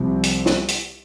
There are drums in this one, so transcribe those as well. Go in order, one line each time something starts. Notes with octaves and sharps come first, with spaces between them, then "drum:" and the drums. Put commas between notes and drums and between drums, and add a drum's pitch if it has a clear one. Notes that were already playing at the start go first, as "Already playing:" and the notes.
Already playing: C2 C3 F3 C4
drum: hi-hat
drum: snare
drum: hi-hat